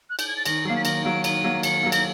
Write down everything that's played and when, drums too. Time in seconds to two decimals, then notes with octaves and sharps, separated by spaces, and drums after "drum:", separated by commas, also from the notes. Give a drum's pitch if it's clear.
0.10 F#6
0.19 G6, drum: cymbal
0.28 G#6
0.37 A6
0.46 D#3 A#6, drum: cymbal
0.65 F#3 A#3 C7
0.76 B6
0.85 D#3 A#6, drum: cymbal
1.05 F#3 A#3 D7
1.24 D#3 D#7, drum: cymbal
1.44 F#3 A#3
1.63 D#3 C#7, drum: cymbal
1.83 F#3 A#3
1.92 A#6, drum: cymbal